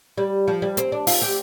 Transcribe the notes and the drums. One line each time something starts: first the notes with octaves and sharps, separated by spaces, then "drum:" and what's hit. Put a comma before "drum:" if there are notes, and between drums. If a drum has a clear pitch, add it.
G3
F3
G3
C4, drum: hi-hat
D4
F4, drum: open hi-hat
G4